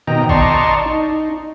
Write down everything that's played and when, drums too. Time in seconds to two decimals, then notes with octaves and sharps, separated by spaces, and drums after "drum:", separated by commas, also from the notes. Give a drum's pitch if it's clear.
0.07 B2 D#3 D#5 G5 A#5
0.29 D5 D#5 A5 A#5 C6 C#6, drum: kick A1
0.86 D#4